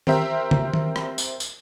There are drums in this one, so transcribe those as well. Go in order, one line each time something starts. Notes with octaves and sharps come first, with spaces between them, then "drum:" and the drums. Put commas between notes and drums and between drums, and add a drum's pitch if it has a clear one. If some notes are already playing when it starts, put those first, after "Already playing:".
C4 G4 A#4 C5 E5, drum: tom D#3
drum: tom
drum: tom D#3
drum: rim click
drum: tambourine
drum: tambourine